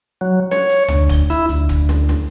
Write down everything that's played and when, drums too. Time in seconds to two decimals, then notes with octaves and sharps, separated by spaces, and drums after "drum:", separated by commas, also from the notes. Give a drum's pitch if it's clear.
0.21 F#3
0.51 C#5, drum: snare
0.69 drum: hi-hat
0.88 D2, drum: tom
1.09 drum: kick, open hi-hat
1.30 E4, drum: hi-hat
1.49 D2, drum: hi-hat
1.69 drum: kick, hi-hat
1.89 drum: snare
2.09 drum: snare